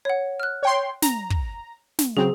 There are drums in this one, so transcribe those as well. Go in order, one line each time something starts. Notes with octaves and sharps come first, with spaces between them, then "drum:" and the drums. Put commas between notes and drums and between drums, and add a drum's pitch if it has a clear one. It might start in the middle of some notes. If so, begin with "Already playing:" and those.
C#5 F#5
F6 F#6
C#5 G5 C6
A#5, drum: snare
drum: kick
drum: snare
C#3 F#3 C4 G#4